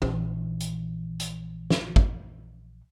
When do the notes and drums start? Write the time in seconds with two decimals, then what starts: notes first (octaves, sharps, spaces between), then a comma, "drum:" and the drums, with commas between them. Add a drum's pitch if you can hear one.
0.02 A#1 E3, drum: tom
0.60 drum: hi-hat
1.20 drum: hi-hat
1.70 drum: snare
1.96 drum: kick